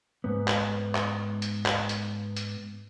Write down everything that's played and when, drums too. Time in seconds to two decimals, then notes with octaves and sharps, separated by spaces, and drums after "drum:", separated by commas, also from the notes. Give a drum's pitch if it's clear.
0.24 G#2 B3
0.48 drum: clap
0.95 drum: clap
1.42 drum: hi-hat
1.66 drum: clap
1.89 drum: hi-hat
2.37 drum: hi-hat